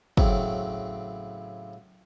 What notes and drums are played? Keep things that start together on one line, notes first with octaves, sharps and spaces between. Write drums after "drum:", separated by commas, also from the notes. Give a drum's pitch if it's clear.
A2 C#3 F#3 C4, drum: kick